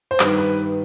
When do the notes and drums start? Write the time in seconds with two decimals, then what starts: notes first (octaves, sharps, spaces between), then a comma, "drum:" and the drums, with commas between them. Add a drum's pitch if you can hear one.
0.11 C5
0.20 G2 D#3 B4, drum: clap
0.38 B4